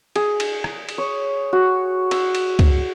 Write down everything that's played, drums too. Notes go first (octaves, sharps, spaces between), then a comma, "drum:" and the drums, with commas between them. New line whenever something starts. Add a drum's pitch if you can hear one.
G#4, drum: cymbal
drum: cymbal
drum: rim click
drum: cymbal
C#5
F#4
E6, drum: cymbal
drum: cymbal
drum: kick, cymbal